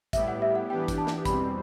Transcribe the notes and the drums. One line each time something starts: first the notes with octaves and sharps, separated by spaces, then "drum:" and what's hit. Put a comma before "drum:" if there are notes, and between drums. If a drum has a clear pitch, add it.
A2 G3 B3 E4 G4 E5, drum: kick, hi-hat
F#5
E5
F#5
E3 B3 D4 G4 G5
drum: kick, hi-hat
A5
drum: snare
E2 B2 G3 C4 B5, drum: kick, hi-hat